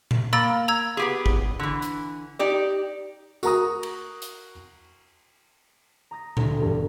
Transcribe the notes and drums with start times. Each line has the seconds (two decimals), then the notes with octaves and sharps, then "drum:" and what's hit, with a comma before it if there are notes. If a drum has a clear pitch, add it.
0.11 drum: tom A#2
0.33 A#3 B5 E6 A6
0.68 A#5 E6 G#6
0.97 B3 G4 G#4
1.26 drum: kick G#1
1.59 D3 E3
1.82 drum: hi-hat
2.39 D#4 G4 D5
3.43 F#4 A#4 A#5 D#6, drum: tambourine
3.83 drum: cymbal
4.22 drum: hi-hat
6.11 A#5 D#6 A#6
6.37 D2 A#5, drum: tom A#2
6.60 E1 G2